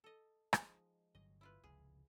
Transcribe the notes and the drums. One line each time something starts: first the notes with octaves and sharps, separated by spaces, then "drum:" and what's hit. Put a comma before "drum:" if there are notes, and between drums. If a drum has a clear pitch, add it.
A4 D#5
F3 G#3 D#4, drum: rim click
G1 F#3 D#5
E4 F4 B4
F1 C#2 C#3 G#4